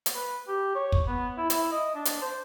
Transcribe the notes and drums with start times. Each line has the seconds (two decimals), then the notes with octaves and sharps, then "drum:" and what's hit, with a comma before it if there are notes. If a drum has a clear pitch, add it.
0.06 drum: hi-hat
0.15 B4
0.48 G4
0.75 C#5
0.92 drum: kick
1.07 B3
1.38 E4
1.50 E4, drum: hi-hat
1.72 D#5
1.95 D4
2.05 drum: hi-hat
2.22 C5